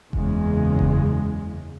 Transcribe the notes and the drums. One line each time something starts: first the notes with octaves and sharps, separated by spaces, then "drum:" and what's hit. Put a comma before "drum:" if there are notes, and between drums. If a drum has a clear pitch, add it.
F#1 E2 C#3 G#3, drum: kick F1
drum: kick F1